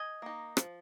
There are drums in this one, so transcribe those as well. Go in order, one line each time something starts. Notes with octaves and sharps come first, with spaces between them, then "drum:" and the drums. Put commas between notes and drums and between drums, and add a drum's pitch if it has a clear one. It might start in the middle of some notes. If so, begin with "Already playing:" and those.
Already playing: D#5 G#5
A#3 D#4
F3, drum: rim click